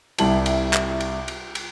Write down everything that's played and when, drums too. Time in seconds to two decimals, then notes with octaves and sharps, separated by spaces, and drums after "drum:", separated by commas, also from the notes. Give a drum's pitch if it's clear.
0.18 C2 G3 E4 A5 F#7, drum: cymbal
0.46 drum: cymbal
0.73 drum: clap
1.01 drum: cymbal
1.28 drum: cymbal
1.55 drum: cymbal